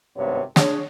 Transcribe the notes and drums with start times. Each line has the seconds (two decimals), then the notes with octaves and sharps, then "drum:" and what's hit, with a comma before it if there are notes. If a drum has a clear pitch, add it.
0.16 G#1 G2 C3 B3 C#5
0.56 D4 G#4 C#5, drum: snare